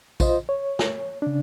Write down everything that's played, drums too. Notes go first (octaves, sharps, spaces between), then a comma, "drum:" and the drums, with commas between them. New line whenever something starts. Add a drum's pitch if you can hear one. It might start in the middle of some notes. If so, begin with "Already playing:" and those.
F4 C5 D#5, drum: kick A#1, tambourine
C#5
drum: snare
C#3 D4